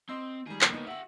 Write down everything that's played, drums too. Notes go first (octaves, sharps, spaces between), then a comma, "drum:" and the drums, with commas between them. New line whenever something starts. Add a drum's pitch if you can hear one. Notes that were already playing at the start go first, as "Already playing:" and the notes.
C4 D#5 C6 E6
D#3 G3 G#4
F1 C2 D3 A#3 C#5, drum: clap
B3 D#4
G4 E5 F#5 E6